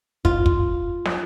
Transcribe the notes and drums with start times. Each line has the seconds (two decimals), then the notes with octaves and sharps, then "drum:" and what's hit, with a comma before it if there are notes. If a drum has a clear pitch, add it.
0.25 F4, drum: kick
0.46 drum: kick
1.05 drum: snare